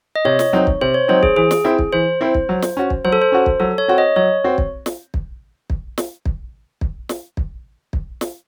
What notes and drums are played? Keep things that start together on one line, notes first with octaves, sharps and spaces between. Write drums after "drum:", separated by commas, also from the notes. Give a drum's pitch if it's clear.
D#5
C3 C#5
drum: snare
F#3 C4 D#4
drum: kick
C3 C5
C#5
F#3 C4 D#4 C5
G#4, drum: kick
E3 G#4
drum: snare
C4 E4
drum: kick
E3 C5
C4 E4
drum: kick
F#3
drum: snare
C#4 F#4
drum: kick
F#3 C5
A4
C5
C#4 F#4
drum: kick
F#3 A4
C#5
C4 F#4 C#5
D#5
F#3 C#5
C4 F#4
drum: kick
drum: snare
drum: kick
drum: kick
drum: snare
drum: kick
drum: kick
drum: snare
drum: kick
drum: kick
drum: snare